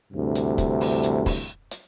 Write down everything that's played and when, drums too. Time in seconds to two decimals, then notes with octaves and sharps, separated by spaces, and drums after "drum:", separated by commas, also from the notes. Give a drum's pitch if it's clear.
0.13 D2 G2 C3 E3
0.35 drum: hi-hat
0.58 drum: kick, hi-hat
0.81 drum: open hi-hat
1.03 drum: hi-hat
1.26 drum: kick, open hi-hat
1.71 drum: hi-hat